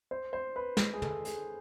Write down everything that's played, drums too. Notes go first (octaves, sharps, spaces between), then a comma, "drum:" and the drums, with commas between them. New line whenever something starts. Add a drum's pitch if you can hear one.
C5
C5
B4
drum: snare
G#4
A4, drum: tom
G#4, drum: hi-hat